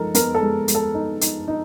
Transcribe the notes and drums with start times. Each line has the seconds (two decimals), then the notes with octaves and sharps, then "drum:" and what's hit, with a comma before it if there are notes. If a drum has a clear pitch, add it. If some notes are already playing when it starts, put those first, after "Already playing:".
Already playing: F3 G#3 D#4 A4 A#4
0.15 B3 A#4, drum: hi-hat
0.35 A4
0.41 G#3
0.68 G#3, drum: hi-hat
0.75 A4
0.94 D#4
1.21 D#4, drum: hi-hat
1.48 D#4